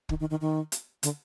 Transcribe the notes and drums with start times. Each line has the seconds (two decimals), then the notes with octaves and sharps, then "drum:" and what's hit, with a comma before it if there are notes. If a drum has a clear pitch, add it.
0.09 D#3, drum: kick
0.20 D#3
0.30 D#3
0.41 D#3
0.72 drum: hi-hat
1.03 D3, drum: hi-hat